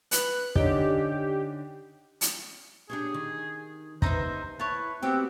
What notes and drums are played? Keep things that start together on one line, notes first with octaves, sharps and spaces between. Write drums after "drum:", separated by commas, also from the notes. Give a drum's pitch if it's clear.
B4 F#6, drum: hi-hat
D3 C#4 D#4 G4, drum: kick
drum: hi-hat
D4 G4 G#4 C#5
D#3
D#2 D#4 B4 C5 E5 A#5, drum: kick
E4 B4 C#5 A5
B3 C4 F#4 G4 F#5